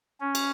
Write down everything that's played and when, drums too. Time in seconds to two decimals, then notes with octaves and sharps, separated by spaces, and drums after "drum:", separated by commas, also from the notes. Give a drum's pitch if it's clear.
0.20 C#4
0.35 drum: cymbal